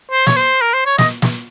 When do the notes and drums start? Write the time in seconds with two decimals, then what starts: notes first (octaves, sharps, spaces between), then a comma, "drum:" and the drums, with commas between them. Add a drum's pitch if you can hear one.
0.11 C5
0.26 C#5, drum: snare
0.36 C5
0.62 A#4
0.74 C5
0.86 C#5
0.98 D#5, drum: snare
1.22 drum: snare